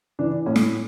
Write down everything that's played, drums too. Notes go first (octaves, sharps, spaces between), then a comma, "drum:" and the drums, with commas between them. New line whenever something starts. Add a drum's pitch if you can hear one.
E3 D4
A2 C#4
drum: snare